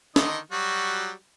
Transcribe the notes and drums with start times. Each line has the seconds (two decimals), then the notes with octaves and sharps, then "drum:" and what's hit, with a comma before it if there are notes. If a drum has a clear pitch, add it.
0.16 D3 D#3 D#5, drum: snare
0.52 F#3 G3 F#4